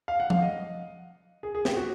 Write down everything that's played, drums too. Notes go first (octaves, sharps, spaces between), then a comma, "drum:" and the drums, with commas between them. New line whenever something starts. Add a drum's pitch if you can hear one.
F5
F#5
F5, drum: tom F3
D#5
G#4
G#4
G4, drum: snare
F#4